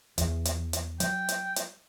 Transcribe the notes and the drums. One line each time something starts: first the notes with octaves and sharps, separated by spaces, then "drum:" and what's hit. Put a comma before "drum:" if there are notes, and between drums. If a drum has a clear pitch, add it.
E2, drum: hi-hat
drum: hi-hat
drum: hi-hat
F#3 G5, drum: hi-hat
drum: hi-hat
drum: hi-hat